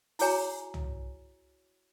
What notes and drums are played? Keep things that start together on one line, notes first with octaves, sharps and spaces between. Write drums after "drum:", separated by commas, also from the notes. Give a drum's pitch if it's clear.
E4 F#4 G#4 C#5 G#5 A#5, drum: open hi-hat
drum: tom